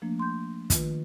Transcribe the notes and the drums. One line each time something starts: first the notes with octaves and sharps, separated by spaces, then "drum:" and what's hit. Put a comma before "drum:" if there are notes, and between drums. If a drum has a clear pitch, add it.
F3 A3 A#3 D4
C6 G6
D#3 F4 B4, drum: kick, hi-hat